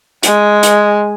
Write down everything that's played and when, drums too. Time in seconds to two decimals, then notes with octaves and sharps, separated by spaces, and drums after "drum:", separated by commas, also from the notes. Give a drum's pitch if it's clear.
0.23 G#3, drum: hi-hat
0.63 drum: hi-hat